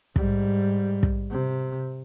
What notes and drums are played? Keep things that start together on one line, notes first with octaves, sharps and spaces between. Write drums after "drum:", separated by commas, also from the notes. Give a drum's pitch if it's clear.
G#2 G3, drum: kick
drum: kick
C3